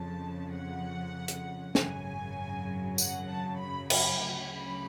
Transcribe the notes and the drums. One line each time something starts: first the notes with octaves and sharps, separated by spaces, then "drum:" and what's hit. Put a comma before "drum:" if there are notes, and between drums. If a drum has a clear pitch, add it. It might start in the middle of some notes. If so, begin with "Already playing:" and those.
Already playing: F2 C#3 F3 A5
F#5
drum: hi-hat
G#1 F#2 C#3 F#3 G#5, drum: snare
F#5, drum: tambourine
A5
B5
B5, drum: cymbal
D2 C#3 F#3 B5